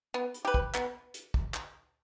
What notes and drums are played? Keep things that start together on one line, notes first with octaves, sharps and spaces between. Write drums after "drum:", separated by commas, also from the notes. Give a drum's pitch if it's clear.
B3
drum: hi-hat
G4 B4
drum: kick
B3, drum: clap
drum: hi-hat
drum: kick
drum: clap